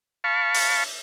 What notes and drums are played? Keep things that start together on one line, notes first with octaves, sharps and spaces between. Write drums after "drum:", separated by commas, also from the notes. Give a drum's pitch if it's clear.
F5 A5 B5 C#6
drum: open hi-hat